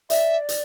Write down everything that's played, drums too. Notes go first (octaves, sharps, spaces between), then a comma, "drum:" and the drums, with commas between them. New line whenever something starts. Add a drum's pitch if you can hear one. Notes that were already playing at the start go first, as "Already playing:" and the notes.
D5 E5, drum: hi-hat
drum: hi-hat